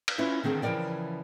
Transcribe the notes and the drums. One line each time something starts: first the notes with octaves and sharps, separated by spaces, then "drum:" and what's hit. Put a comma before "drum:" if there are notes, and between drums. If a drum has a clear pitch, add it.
drum: cymbal
C#4 E4 F4 B4
D3 D#3 C4 G#4
C#3 E3 F3 A#4 D5 G5